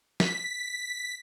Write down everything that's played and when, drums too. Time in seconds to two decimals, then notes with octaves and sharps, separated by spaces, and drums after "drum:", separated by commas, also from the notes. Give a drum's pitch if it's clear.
0.20 B6, drum: snare